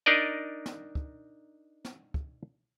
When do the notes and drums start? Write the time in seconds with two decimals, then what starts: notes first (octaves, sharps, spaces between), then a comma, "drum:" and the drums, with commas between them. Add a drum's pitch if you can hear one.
0.06 D4 D#4 A#4 D5 D#5
0.66 drum: snare
0.95 drum: kick
1.85 drum: snare
2.14 drum: kick